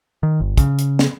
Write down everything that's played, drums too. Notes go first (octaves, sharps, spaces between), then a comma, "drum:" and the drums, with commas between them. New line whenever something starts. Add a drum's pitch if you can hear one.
D#3
G1
C#3, drum: kick, hi-hat
drum: hi-hat
drum: snare